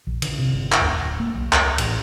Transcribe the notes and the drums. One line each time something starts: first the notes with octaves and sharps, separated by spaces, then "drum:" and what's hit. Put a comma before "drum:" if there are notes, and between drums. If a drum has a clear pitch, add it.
A#1
D3, drum: cymbal
C3
G1
drum: clap
D2
D1
A#3
B1
C#2, drum: clap
A1, drum: cymbal